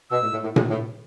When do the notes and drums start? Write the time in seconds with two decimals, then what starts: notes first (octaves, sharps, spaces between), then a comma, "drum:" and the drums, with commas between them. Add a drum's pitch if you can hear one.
0.11 B2 E6
0.22 A2
0.33 A2
0.44 A2
0.56 A2, drum: tom A#2
0.70 A2